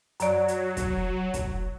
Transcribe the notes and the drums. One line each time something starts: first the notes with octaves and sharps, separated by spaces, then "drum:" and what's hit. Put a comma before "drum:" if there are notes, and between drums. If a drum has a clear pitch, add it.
F#2 F#3 D5, drum: hi-hat
drum: hi-hat
drum: kick, hi-hat
drum: kick, hi-hat